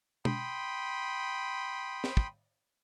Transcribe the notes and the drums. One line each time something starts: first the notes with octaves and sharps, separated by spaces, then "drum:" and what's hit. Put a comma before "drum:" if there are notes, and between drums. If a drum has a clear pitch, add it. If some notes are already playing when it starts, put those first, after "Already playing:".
G5 B5 C6 D#6, drum: tom
drum: snare
drum: kick